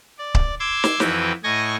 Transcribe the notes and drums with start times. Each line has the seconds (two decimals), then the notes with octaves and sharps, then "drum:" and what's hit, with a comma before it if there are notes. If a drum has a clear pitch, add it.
0.18 D5
0.35 drum: kick C#1
0.60 C6 D6 E6 G#6
0.84 drum: snare
1.00 F2 E3 F#4 B4 G5, drum: snare
1.44 A2 D#5 G#5 C#6 D#6 A#6